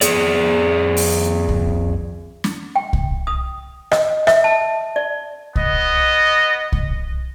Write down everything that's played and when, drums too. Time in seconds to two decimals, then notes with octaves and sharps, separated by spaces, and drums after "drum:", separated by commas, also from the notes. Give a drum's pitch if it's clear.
0.01 F2 G#4 D5, drum: hi-hat
0.97 drum: open hi-hat
1.49 drum: kick C2
2.44 drum: snare
2.76 G5
2.93 drum: kick C2
3.27 D#6
3.92 D#5, drum: rim click
4.27 E5, drum: rim click
4.44 A5
4.96 D5
5.56 B3 D#5, drum: kick C2
6.72 drum: kick C2